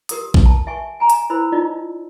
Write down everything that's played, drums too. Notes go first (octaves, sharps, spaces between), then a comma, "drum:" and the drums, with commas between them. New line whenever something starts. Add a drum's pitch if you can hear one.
G4 A#4 D#6, drum: hi-hat
drum: kick A#1
A5
E5 G#5 C#6
G#5 A#5
drum: hi-hat
E4 C5 B5 E6
D#4 F4 D5 D#5